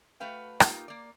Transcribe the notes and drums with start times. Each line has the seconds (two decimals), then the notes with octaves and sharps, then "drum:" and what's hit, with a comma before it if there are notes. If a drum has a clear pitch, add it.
0.20 A3 F#4 B4 F5 G5
0.60 A#3 D#4 F4 G4 G5, drum: rim click
0.88 A#3 D5